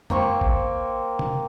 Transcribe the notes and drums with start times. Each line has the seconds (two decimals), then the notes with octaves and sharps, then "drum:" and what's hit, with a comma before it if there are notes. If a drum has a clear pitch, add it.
0.10 A#3 C4 C#6, drum: tom F2
0.41 drum: kick
1.19 drum: tom